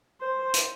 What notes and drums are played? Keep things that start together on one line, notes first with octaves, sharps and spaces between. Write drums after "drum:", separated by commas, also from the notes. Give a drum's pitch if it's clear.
C5
drum: hi-hat